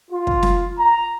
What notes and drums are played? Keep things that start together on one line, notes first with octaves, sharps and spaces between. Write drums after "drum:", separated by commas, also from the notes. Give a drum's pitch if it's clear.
F4
drum: kick
drum: snare
A#5